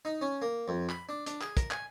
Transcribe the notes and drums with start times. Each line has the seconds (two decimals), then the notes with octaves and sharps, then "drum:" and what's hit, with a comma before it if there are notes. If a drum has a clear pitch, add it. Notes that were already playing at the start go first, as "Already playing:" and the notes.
0.05 D#4
0.21 C#4
0.42 A#3
0.68 F2
0.89 B5, drum: clap
1.09 D4
1.27 D4, drum: hi-hat
1.41 G#4, drum: clap
1.57 A#4, drum: kick, hi-hat
1.71 G#5, drum: clap